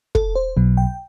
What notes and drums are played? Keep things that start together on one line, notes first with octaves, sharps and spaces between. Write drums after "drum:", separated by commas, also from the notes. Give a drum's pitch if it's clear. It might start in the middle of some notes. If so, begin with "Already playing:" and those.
A4, drum: kick
C5
B1 B2 F#3
G5